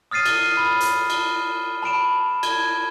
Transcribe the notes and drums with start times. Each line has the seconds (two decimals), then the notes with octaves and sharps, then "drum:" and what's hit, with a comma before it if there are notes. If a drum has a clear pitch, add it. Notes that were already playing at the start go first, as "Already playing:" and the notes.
0.11 D#6 F6 A6 C7 D#7
0.26 drum: cymbal
0.57 B5
0.80 drum: hi-hat
1.10 drum: cymbal
1.83 A5 B5 D7 E7
2.43 G#6, drum: cymbal